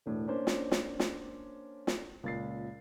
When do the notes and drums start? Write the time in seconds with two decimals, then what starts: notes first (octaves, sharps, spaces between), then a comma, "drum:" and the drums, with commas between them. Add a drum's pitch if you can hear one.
0.06 E1 A2 D4
0.27 A#3 C#4 D4 C5
0.47 drum: snare
0.72 drum: snare
1.00 drum: snare
1.87 drum: snare
2.23 C#2 A#2 A6 C7